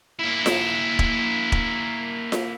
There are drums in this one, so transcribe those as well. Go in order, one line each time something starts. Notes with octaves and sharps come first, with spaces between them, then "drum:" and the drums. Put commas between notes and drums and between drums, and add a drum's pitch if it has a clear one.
A#3 E4
drum: snare F4
drum: kick
drum: kick
drum: snare F4